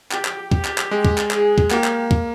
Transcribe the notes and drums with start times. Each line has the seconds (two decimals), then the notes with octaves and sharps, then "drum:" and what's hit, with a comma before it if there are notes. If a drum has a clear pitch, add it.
0.11 G4, drum: clap
0.25 drum: clap
0.52 G4, drum: kick
0.65 drum: clap
0.78 drum: clap
0.91 G#3
1.05 drum: kick
1.18 drum: clap
1.31 G#4, drum: clap
1.58 drum: kick
1.71 A#3 G4, drum: clap
1.84 drum: clap
2.11 drum: kick